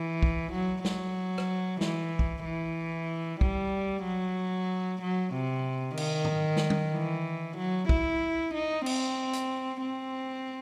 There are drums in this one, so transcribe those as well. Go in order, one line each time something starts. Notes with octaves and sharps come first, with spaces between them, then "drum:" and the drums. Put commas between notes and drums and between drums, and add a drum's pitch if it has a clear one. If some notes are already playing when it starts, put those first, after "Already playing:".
Already playing: E3
drum: kick
F#3
F#3, drum: snare
drum: rim click
E3, drum: snare
drum: kick
E3
G3, drum: kick
F#3
F#3
C3
D#3, drum: cymbal
drum: tom G#2
drum: snare
drum: tom
E3
F#3
E4, drum: kick
D#4
C4, drum: cymbal
drum: hi-hat
C4